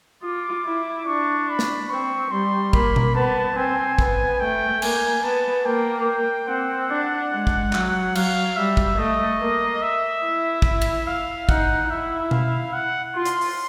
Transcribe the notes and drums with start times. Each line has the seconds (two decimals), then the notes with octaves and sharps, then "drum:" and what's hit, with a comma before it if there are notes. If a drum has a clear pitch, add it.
0.23 F4 D6
0.65 E4
1.07 D4 C#6
1.49 B5
1.59 drum: snare
1.90 C4 C#6
2.31 G3 C6
2.73 A#3 B5, drum: kick
2.96 drum: tom B2
3.15 B3 A5
3.56 C4 G#5
3.99 B3, drum: kick
4.40 A3 G5
4.82 A#3 G#5, drum: cymbal
5.23 B3 A5
5.65 A#3 G5
6.48 C4 F#5
6.90 D4
7.32 G#3
7.47 drum: kick
7.73 F#3, drum: clap
8.15 F#3 F5, drum: cymbal
8.56 G3 E5
8.77 drum: kick
8.98 A3 D#5
9.40 A#3
9.82 E5
10.24 E4
10.62 drum: kick
10.81 drum: cymbal
11.07 F5
11.49 D#4 F#5, drum: kick
11.90 E4 E5
12.31 F5, drum: tom B2
12.73 F#5
13.15 F4 C6
13.25 drum: hi-hat
13.41 drum: open hi-hat